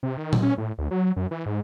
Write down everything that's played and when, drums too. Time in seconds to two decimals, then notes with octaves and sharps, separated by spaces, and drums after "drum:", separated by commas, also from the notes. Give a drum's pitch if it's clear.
0.03 C3
0.17 D#3
0.33 drum: tom A#2
0.43 C#4
0.58 A2
0.78 D2
0.91 F#3
1.16 F#2
1.31 E3
1.46 G#2